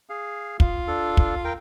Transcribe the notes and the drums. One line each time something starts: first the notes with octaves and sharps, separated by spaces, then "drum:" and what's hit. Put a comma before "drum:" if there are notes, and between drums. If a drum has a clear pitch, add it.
G#4 F5
F4, drum: kick
D4 A4
drum: kick
A#4 G5